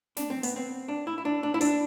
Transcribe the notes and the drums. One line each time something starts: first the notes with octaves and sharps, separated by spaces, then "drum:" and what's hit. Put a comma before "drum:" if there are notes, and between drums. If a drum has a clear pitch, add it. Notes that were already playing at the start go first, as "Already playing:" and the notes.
D4, drum: snare
C4
B3, drum: hi-hat
C4
D4
E4
E4
D4
D4
E4
D4, drum: hi-hat